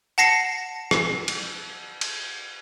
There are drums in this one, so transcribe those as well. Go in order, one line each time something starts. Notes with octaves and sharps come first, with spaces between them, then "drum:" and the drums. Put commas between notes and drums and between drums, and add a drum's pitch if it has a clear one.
F#5 A5 A#6 C7 C#7
drum: rim click
drum: cymbal
drum: cymbal